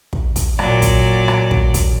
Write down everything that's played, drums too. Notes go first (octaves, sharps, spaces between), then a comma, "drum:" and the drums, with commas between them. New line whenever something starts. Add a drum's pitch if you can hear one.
drum: kick
drum: kick, hi-hat
A#2 F#3 D5, drum: rim click
drum: kick, hi-hat
drum: rim click
drum: kick
drum: kick, hi-hat